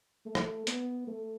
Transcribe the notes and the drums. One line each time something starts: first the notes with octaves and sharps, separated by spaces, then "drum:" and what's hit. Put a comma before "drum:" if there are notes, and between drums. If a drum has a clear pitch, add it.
A3
drum: rim click
B3, drum: hi-hat
A3